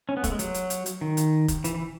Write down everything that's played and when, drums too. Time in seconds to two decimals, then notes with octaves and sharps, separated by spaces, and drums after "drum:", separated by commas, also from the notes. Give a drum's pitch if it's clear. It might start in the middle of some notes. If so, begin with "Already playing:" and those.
0.09 C#4
0.17 B3
0.24 A3, drum: kick F1, hi-hat
0.32 G#3
0.39 F#3, drum: hi-hat
0.54 drum: hi-hat
0.70 drum: hi-hat
0.86 drum: hi-hat
1.01 D#3
1.17 drum: hi-hat
1.48 drum: kick F1, hi-hat
1.64 E3, drum: hi-hat
1.75 E3